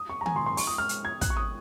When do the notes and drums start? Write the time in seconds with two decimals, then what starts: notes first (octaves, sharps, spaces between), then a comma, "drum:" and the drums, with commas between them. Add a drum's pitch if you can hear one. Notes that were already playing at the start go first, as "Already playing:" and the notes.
Already playing: D#6
0.09 C#6
0.21 A#5
0.26 G#5, drum: tom D#3
0.36 C6
0.46 C6
0.57 C#6, drum: open hi-hat
0.67 D#6
0.78 F6
0.89 drum: hi-hat
1.05 G#6
1.21 F#6, drum: kick, hi-hat
1.30 C#6
1.37 D#6